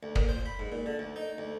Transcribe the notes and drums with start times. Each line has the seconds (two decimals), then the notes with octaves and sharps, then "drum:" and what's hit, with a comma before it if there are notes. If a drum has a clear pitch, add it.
0.03 D2
0.15 A#2, drum: kick
0.29 C5
0.46 B5
0.59 G#2
0.72 A#2
0.86 D3
0.99 D2
1.16 D#4
1.38 D2